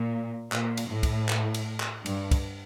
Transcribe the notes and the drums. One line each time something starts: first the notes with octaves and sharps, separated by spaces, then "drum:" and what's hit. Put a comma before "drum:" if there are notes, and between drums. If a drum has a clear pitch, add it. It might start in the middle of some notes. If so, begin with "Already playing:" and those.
Already playing: A#2
A#2, drum: clap
drum: cymbal
A2
drum: kick, cymbal
drum: clap
drum: cymbal
drum: clap
G2, drum: cymbal
drum: kick, cymbal